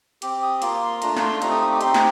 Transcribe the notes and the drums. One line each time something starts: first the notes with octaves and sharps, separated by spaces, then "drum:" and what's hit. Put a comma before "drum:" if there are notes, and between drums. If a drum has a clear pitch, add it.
C4 G4 D6, drum: hi-hat
D#6
A#3 F4 D6, drum: hi-hat
C6
A3 D4 F4 A#5, drum: hi-hat
A#5, drum: snare
C6
A3 C4 D#4 G4 A#5, drum: hi-hat
D#6
D#6
D6
C4 D#4 G4 C6, drum: hi-hat
drum: snare